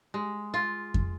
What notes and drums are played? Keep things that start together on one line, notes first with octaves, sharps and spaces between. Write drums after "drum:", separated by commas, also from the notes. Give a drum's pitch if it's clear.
G#3
F4
drum: kick F2